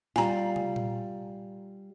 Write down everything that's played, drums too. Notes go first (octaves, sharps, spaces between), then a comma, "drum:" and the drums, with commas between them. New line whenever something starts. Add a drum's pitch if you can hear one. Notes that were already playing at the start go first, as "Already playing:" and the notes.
G3 F4 G#5 A#5, drum: snare
drum: tom
drum: tom A#2